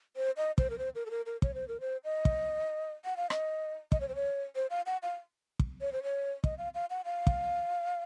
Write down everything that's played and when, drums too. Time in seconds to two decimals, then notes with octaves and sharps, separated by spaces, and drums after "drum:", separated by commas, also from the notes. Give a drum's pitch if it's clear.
0.16 C5
0.37 D#5
0.58 C5, drum: kick
0.70 A#4
0.78 C5
0.95 A#4
1.06 A4
1.11 A#4
1.26 A#4
1.42 C#5, drum: kick
1.54 C5
1.68 A#4
1.80 C5
2.04 D#5
2.25 drum: kick
3.05 F#5
3.17 F5
3.30 D#5, drum: rim click
3.92 D#5, drum: kick
4.01 C#5
4.08 C5
4.15 C#5
4.56 C5
4.70 F5
4.86 F#5
5.03 F5
5.59 drum: kick
5.81 C#5
5.92 C5
6.03 C#5
6.44 D#5, drum: kick
6.58 F5
6.74 F5
6.90 F#5
7.05 F5
7.27 drum: kick